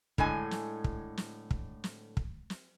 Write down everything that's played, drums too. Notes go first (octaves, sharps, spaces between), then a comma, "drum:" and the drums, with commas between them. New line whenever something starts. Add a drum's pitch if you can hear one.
A2 D3 G#3 G#5, drum: kick
drum: snare
drum: kick
drum: snare
drum: kick
drum: snare
drum: kick
drum: snare